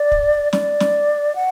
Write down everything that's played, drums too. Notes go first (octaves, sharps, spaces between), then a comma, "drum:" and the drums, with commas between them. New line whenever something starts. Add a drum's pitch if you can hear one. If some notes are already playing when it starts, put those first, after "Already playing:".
Already playing: D5
drum: kick
D5, drum: snare
drum: snare
F#5